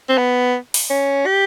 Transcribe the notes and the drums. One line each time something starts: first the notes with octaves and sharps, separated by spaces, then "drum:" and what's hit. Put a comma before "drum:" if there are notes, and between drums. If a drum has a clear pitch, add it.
C4
B3
drum: open hi-hat
C#4
G4